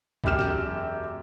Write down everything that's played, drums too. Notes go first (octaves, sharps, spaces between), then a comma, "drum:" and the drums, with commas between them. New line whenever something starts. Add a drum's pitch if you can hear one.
E1 F#2 G4 F6 E7, drum: kick A#1
drum: snare